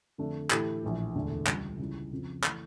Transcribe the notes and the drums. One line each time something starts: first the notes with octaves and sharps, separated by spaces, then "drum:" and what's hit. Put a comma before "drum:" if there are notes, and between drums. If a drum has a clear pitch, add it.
F2 D3 A3 D4
A2 E3 A3 E4 G4, drum: clap
A#1 A2 E3
E1 D2 D3 A3 D4
C#2 C#3 G3, drum: clap
C#2 C#3 G3 C#4 E4
F2 C#3 F3
E3 A3, drum: clap